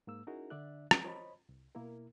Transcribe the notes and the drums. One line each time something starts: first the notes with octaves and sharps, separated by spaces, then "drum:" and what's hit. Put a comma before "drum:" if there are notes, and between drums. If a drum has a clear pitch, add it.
G#2 A#3 E6
C#4 D#4 E4 F#4 G#4 A#4
D3 D4 D5 E5 F#6
drum: rim click
C5 C#5 D#5 B5
C2
B2 A#3 E4 A#4